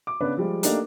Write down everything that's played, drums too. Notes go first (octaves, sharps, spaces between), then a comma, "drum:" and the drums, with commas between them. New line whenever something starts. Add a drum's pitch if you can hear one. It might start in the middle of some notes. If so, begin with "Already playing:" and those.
D6
C#3 B3 D4 B4
F3 G3 G#3
A3 A#3 D4 D#4 G4 A#4, drum: hi-hat